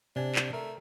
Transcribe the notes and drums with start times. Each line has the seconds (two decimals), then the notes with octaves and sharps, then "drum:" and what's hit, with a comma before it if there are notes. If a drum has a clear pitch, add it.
0.16 C3 D4 G#5
0.35 drum: clap
0.53 A3 A#4